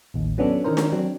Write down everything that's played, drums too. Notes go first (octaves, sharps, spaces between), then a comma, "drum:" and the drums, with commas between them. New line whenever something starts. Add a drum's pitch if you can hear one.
A1 D#2
F#3 B3 C#4 D4 A4
D#3 E3 C#4 A#4 C5
drum: snare D4
F#3 C4 D4